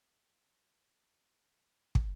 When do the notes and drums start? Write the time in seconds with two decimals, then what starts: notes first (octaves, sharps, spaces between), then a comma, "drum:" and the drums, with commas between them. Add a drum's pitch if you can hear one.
0.12 G#2 C#4 D#4
1.95 drum: kick